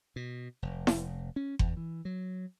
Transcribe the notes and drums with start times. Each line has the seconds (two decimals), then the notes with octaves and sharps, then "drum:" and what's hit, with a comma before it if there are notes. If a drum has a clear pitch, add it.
0.16 B2
0.62 F1
0.87 drum: snare E4
1.36 C#4
1.59 E2, drum: kick F#1
1.77 E3
2.05 F#3